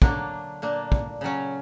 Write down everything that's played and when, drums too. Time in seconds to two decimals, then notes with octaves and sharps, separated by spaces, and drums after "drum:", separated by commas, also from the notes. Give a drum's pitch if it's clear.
0.02 D3 F#3 A#3 D4, drum: kick
0.62 A#2 A#3 D4
0.92 drum: kick
1.21 C#3 F#3 C#4